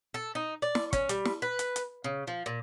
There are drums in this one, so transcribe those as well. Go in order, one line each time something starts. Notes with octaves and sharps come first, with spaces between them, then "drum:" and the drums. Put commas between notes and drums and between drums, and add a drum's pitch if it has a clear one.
A4
D#4
D5
drum: snare
C#4, drum: kick, hi-hat
G3, drum: hi-hat
drum: snare
B4
drum: hi-hat
drum: hi-hat
C#3
F3
A#2